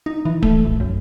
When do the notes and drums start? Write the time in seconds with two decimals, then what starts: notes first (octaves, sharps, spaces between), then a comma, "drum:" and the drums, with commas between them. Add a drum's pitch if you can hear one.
0.06 D#4
0.25 E3
0.43 A3, drum: kick D1
0.65 A#1
0.80 F#2